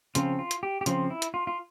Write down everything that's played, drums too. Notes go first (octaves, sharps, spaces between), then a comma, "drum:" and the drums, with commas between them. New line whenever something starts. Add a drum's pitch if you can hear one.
C#3 F3 C4 F4, drum: hi-hat
F4
drum: hi-hat
G4
G4
C#3 F3 C4 F4, drum: hi-hat
E4
drum: hi-hat
F4
F4